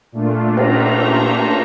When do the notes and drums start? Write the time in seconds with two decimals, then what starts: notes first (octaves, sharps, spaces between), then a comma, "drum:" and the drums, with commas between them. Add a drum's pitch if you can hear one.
0.12 A#2 A3 D4 F4
0.57 A#5, drum: cymbal